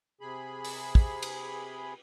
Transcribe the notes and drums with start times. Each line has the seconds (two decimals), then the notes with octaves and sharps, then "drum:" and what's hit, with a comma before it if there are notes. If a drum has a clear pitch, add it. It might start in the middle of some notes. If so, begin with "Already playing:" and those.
0.21 C3 G#4 B5
0.65 drum: open hi-hat
0.95 drum: kick
1.23 drum: cymbal